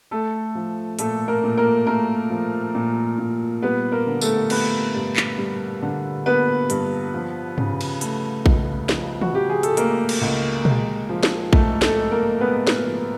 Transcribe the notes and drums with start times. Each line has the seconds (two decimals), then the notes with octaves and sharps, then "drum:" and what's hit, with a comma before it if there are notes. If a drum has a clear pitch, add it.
0.11 A3 A4
0.55 F3
0.99 A#2 A3 A4, drum: hi-hat
1.28 A#3 A#4
1.43 A#2
1.57 A#3 A#4
1.86 A3 A#3 A#4
2.30 F3
2.75 A#2
3.18 A#2
3.62 G3 B3 B4
3.92 A#3 A#4
4.07 D3
4.21 A3 A4, drum: tambourine
4.50 A#3 B3 B4, drum: cymbal
4.95 G2
5.16 drum: clap
5.38 G3
5.82 D3
6.26 A#3 B3 B4
6.70 G2, drum: hi-hat
7.14 F3
7.58 C#3, drum: tom G2
7.81 drum: cymbal
8.01 A3, drum: hi-hat
8.46 C#2, drum: kick A#1
8.89 F3, drum: snare
9.21 F#4, drum: tom D#3
9.33 C#3 G4
9.50 G#4
9.63 A4, drum: hi-hat
9.77 A3 A#3 A#4, drum: hi-hat
10.09 drum: cymbal
10.21 C#2
10.65 G#3, drum: tom A#2
11.09 F3
11.23 drum: snare
11.53 G#2 A3 A4, drum: kick A#1
11.82 A3 A4, drum: snare
11.96 G#2
12.11 A#3 A#4
12.40 G#3 B3 B4
12.67 drum: snare
12.85 F3